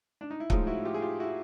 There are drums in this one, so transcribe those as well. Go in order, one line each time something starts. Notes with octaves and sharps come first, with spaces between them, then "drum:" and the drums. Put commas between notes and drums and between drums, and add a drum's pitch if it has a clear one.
D4
D#4
E4
A2 F3 G#3 D#4 F4, drum: kick
E4 F#4
F4 G4
G#4
F4 G4
E4 F#4